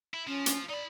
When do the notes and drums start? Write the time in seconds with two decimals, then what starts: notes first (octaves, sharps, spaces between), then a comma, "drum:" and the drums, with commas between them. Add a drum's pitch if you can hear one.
0.14 E4
0.27 F3 C#4
0.46 drum: hi-hat
0.69 D#4 D5 B5